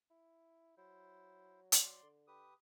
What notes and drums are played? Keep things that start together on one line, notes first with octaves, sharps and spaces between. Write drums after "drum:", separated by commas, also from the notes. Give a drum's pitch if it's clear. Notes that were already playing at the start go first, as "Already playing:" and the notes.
E4
F#3 E4 C5
D5 C6, drum: hi-hat
D3
G4 B4 D#6